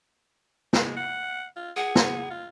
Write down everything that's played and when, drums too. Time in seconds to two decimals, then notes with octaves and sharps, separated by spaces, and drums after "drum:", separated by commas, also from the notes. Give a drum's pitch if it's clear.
0.73 G#3, drum: snare
0.97 F#5
1.56 F4
1.76 G#4 F#5
1.95 drum: snare
2.30 F4